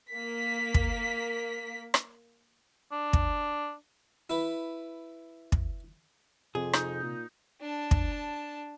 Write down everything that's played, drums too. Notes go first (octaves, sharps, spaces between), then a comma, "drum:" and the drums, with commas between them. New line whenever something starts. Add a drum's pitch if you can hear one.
A#3 B6
drum: kick
drum: rim click
D4
drum: kick
E4 B4
drum: kick
F2 C3 G#4
D#4, drum: rim click
A#2
D4 A5
drum: kick